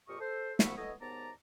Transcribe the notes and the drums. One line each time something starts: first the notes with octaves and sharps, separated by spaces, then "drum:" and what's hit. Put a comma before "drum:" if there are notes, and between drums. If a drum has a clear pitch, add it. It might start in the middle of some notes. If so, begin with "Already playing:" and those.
F2 A#2 G4 D#5 F5 C#6
A4 C5
C2 F3 B3 E5 B5 C#6, drum: snare
E3 B3 A4 C#5 D#5
D#2 G#2 B3 D5 A5 A#5